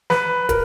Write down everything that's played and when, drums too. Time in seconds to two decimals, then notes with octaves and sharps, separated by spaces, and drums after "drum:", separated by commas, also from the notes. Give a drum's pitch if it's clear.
0.10 B4, drum: snare
0.49 A#4, drum: kick, hi-hat